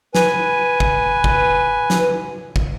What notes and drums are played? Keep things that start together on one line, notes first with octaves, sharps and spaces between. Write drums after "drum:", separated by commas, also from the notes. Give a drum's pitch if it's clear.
B4 G#5, drum: snare
drum: kick
drum: kick
drum: snare
drum: kick